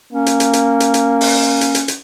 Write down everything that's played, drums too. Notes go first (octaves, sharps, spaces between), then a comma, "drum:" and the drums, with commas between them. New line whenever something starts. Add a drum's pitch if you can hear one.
A#3 C#4
drum: hi-hat
drum: hi-hat
drum: hi-hat
drum: hi-hat
drum: hi-hat
drum: open hi-hat
drum: hi-hat
drum: hi-hat
drum: hi-hat